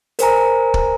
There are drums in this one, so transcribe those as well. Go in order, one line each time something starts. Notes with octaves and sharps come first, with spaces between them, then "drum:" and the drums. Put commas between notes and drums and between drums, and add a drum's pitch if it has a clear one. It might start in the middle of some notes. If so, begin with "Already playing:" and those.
A#4 C5 G#5 A#5, drum: hi-hat
drum: kick